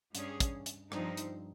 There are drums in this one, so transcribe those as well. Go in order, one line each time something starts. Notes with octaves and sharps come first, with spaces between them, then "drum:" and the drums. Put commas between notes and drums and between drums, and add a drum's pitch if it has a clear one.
G2 G3 C#4 G#4, drum: hi-hat
drum: kick, hi-hat
drum: hi-hat
G2 F3 C4 D#4, drum: rim click
drum: hi-hat